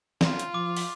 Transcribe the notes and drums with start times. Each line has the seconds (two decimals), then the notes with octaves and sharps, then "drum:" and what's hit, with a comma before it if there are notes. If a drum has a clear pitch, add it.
0.21 F4, drum: snare
0.39 drum: hi-hat
0.54 F3 D6
0.77 drum: open hi-hat